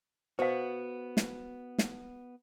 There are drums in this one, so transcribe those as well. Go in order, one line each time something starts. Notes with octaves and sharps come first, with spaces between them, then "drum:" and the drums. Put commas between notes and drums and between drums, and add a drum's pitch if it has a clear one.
B3 F#4 C5 F5
drum: snare
drum: snare